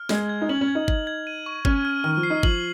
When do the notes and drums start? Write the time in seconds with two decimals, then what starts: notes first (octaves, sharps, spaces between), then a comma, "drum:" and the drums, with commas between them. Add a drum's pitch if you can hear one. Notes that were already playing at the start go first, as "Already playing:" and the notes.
Already playing: F6
0.09 G#3 G#6, drum: snare
0.29 G#6
0.41 D#4
0.49 C#4 F#7
0.61 C#4
0.68 G#6
0.75 D#4
0.88 G#6, drum: kick G1
1.07 G#6
1.27 D#7
1.46 C#6
1.65 C#4 F6, drum: kick G1
1.85 F6
2.04 D#3 F6
2.17 F3
2.23 C7
2.30 D#4
2.43 F3 F#7, drum: kick G1